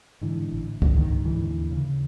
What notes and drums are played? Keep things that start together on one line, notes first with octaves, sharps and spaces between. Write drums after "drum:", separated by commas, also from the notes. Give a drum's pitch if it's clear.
G#2 D3 E3
A1
A1 D3, drum: kick C#2
D#3
G#2
D3 E3
D#2
C#3